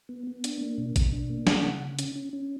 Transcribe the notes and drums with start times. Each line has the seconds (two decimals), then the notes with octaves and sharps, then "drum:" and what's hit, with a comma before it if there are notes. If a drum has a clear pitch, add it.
0.09 B3
0.27 B3
0.44 D4, drum: hi-hat
0.61 A#3
0.78 B2
0.96 B2, drum: kick A1, hi-hat
1.12 D4
1.30 A#3
1.47 C#4 F#5, drum: snare
1.64 C#3
1.81 C#3
1.99 C#4, drum: hi-hat
2.16 C#4
2.33 C#4